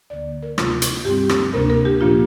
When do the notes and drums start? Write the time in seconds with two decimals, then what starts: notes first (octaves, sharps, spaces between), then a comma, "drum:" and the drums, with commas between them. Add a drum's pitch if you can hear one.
0.10 D2 D3 A#3 D5
0.43 A#4
0.58 D2 C3 A#3 F4, drum: rim click
0.82 drum: hi-hat
1.05 G2 G3 C4 G4
1.29 drum: rim click
1.53 D2 C3 A#3 D4 A#4
1.70 A#4
1.85 G4
2.01 A#2 F3 A#3 D4 F4